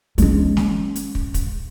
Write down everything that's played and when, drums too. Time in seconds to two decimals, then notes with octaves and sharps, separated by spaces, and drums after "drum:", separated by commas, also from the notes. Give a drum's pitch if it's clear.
0.18 G#3 C#4, drum: hi-hat
0.57 drum: snare
0.96 drum: hi-hat
1.15 drum: kick
1.34 drum: kick, hi-hat